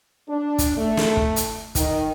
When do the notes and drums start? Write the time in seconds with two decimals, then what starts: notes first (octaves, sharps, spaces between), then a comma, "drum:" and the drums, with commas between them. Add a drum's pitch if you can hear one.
0.28 D4
0.58 drum: kick, hi-hat
0.78 A3
0.97 drum: snare
1.17 drum: kick
1.36 drum: hi-hat
1.75 D#3, drum: kick, hi-hat